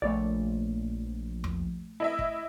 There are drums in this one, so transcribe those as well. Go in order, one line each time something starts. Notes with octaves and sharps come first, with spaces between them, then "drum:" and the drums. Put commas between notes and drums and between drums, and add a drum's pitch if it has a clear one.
A#1 A3 C#5 D5
drum: tom E2
E4 D#5 E5
drum: kick